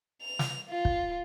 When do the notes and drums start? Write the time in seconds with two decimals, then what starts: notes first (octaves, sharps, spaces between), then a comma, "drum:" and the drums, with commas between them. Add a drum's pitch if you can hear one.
0.22 F7
0.39 drum: snare
0.70 F4
0.85 drum: kick